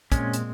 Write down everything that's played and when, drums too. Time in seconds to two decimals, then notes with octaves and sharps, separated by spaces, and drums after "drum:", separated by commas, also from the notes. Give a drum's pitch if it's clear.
0.12 A#2 G#3 C4 C#4, drum: kick, hi-hat
0.34 drum: hi-hat